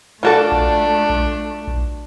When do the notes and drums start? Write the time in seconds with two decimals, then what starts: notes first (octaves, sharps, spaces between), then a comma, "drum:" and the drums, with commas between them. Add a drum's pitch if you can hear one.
0.23 A3 D4 F4 F#4 A4
0.52 drum: kick A#1
1.10 drum: kick A#1
1.67 drum: kick A#1